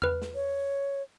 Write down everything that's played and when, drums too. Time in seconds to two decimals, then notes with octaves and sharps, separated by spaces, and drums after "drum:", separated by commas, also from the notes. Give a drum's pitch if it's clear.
0.02 B4 F6, drum: tom E2
0.22 drum: snare
0.35 C#5